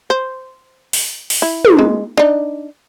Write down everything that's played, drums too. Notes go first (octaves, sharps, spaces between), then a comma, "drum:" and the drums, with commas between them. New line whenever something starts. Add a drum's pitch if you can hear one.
C5
drum: open hi-hat
drum: open hi-hat
E4
drum: tom
G#3
D4 D#4